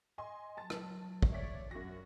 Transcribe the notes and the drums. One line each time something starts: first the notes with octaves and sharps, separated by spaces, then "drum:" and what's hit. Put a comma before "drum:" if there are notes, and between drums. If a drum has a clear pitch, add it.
D#5 G#5 C6
F#3 A5 A6
drum: rim click
drum: kick
C#5 D5 E5 B6
F#2 F#4 A#6